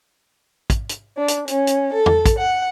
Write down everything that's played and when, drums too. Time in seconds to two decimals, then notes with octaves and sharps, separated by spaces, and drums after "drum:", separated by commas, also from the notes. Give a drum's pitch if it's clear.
0.70 drum: kick, hi-hat
0.89 drum: hi-hat
1.17 D4
1.28 drum: hi-hat
1.48 C#4, drum: hi-hat
1.67 drum: hi-hat
1.93 A4
2.06 drum: tom
2.26 drum: kick, hi-hat
2.39 F#5